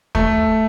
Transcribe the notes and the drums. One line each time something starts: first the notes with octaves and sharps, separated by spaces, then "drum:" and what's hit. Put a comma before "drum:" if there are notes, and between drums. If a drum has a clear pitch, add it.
A3, drum: kick